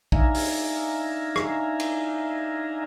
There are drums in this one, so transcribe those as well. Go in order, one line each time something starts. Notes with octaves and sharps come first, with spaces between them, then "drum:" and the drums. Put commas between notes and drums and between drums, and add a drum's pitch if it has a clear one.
D4 D#4 E5 F5 G#5 A#5, drum: kick
drum: open hi-hat
drum: rim click
drum: cymbal